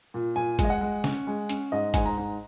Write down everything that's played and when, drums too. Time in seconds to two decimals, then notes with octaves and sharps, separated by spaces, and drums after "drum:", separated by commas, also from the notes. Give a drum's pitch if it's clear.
0.14 A#2
0.36 A#2 G#5
0.59 G#3, drum: kick G1, hi-hat
0.65 D#5
0.70 F#5
0.81 G#3
1.04 C#4, drum: snare
1.27 G#3
1.49 C#4, drum: hi-hat
1.72 G#2 D#5
1.94 G#2 G#5, drum: kick G1, hi-hat
2.06 A#5
2.18 G#2